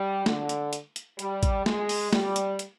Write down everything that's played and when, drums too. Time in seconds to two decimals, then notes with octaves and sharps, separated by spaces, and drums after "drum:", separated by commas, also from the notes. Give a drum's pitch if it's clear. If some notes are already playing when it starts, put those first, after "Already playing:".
Already playing: G3
0.26 D3, drum: snare
0.49 drum: hi-hat
0.73 drum: hi-hat
0.96 drum: hi-hat
1.19 G3, drum: hi-hat
1.43 drum: kick, hi-hat
1.66 G#3, drum: snare
1.89 drum: open hi-hat
2.13 G3, drum: snare
2.36 drum: hi-hat
2.59 drum: hi-hat